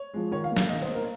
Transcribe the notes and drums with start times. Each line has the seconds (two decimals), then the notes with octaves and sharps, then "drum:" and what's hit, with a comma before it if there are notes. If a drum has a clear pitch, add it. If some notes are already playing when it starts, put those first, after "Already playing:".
Already playing: C#5
0.14 F3 G#3
0.31 D#3 C#5
0.44 F5
0.51 A#3
0.57 F5, drum: snare
0.69 D#3 D#5
0.82 C5
0.88 A#3
0.95 A#4